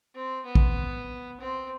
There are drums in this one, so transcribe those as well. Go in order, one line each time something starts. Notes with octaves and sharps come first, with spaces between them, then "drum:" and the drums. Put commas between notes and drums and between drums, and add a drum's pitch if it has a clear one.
C4
B3
drum: kick
C4